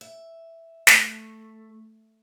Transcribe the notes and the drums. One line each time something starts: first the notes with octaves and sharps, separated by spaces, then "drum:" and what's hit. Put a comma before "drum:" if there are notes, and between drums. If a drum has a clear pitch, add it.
E5
A3, drum: snare